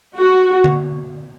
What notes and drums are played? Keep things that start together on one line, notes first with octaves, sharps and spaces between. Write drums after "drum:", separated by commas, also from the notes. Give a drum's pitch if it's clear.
F#4
drum: tom D3